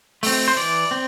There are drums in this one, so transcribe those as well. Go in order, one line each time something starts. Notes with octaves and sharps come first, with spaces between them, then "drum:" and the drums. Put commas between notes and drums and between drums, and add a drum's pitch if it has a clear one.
A3 C4, drum: open hi-hat
C5
E3 D5
C4